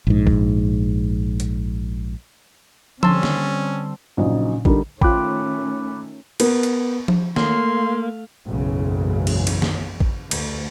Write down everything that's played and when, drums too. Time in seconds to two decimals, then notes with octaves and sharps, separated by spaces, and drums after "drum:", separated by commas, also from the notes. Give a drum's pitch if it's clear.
0.07 A#1 G#2
0.27 drum: kick
1.40 drum: hi-hat
3.03 D3 G3 C4 C#4 A5 C6 E6, drum: tom F3
3.23 drum: snare
4.17 A#1 C#3 F#3 D#4 D#5
4.65 D3 G3 D#4 A#4, drum: kick
5.01 D#3 A3 C#4 F4 G5 B5 D6 F#6, drum: kick
6.40 B3 A#4, drum: cymbal
6.63 drum: hi-hat
7.08 drum: tom F3
7.36 A3 A#3 F5 C6, drum: snare
8.46 F#1 B1 G#2 C#3 E3
9.27 drum: cymbal
9.47 drum: cymbal
9.62 drum: snare
10.00 drum: kick
10.31 D2, drum: cymbal